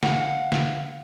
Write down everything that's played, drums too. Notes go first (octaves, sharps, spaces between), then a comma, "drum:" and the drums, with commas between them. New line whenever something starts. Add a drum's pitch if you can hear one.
F5 F#5, drum: snare
drum: snare